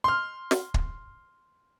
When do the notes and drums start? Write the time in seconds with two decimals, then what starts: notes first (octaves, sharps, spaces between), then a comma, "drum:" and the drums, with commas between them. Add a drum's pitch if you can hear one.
0.04 C6 F6
0.51 drum: snare
0.74 drum: kick